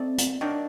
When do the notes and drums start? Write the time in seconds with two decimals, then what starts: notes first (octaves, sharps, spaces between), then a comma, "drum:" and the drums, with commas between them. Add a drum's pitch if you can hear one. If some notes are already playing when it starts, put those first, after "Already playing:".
Already playing: A3 C4 D#4 A4 D5
0.18 drum: hi-hat
0.41 D#3 F#3 A#3 D4